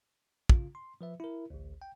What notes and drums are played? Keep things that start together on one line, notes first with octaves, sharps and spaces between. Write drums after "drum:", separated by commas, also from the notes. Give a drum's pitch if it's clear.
C#3 F4, drum: kick
C6
F3 B4 E5
E4 A#4
A1 D2
G5